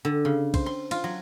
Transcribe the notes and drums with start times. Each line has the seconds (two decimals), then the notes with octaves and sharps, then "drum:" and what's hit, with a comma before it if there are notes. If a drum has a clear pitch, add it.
0.05 D3
0.25 C#3
0.54 C5, drum: kick, cymbal
0.66 C6
0.91 F4, drum: cymbal
1.04 F#3